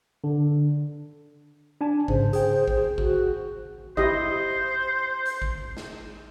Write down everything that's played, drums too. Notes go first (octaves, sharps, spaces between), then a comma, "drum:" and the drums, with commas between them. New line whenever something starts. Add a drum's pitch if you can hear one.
D3
D4 G#5 A5
G#2 C#3 C5, drum: kick A1
G#4 G5, drum: hi-hat
drum: kick A1
G#4
F#4, drum: kick A1
E4 G4 C5 D#5, drum: kick A1
drum: hi-hat
drum: kick A1
drum: snare